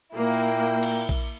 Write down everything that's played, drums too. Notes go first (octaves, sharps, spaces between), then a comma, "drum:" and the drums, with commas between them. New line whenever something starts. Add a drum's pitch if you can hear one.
A#2 A#3 E4 A#4 G5
drum: cymbal
drum: kick A#1